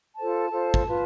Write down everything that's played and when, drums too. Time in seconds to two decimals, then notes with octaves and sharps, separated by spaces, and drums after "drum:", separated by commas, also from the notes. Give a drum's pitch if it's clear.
0.17 F4 A4 C5 A5
0.51 F4 A4 C5
0.74 drum: kick
0.86 F4 B4